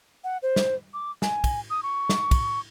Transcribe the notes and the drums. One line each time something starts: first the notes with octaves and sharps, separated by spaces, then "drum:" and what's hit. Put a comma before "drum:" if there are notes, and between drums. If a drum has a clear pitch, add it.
F#5
C5
drum: snare
D6
G#5, drum: snare
drum: kick, cymbal
D#6
C#6
drum: snare
drum: kick, cymbal